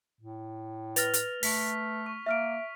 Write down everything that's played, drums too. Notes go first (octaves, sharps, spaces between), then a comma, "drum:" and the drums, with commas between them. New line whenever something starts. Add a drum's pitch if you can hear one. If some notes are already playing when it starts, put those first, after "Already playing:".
A2
B4 F6 A6 A#6 F7, drum: hi-hat
drum: hi-hat
A3 B6, drum: open hi-hat
C#6
A#3 E5 F6 D7